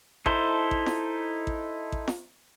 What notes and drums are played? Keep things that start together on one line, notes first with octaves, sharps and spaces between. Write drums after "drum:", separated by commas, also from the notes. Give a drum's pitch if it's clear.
D#4 E4 A4 C5, drum: kick A1
drum: kick A1
drum: snare
drum: kick A1
drum: kick A1
drum: snare